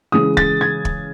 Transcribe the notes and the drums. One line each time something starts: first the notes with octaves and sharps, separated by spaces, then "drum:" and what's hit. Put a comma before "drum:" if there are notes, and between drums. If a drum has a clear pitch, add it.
C#3 E3 G#3 D#6
A6, drum: kick
G#6
drum: kick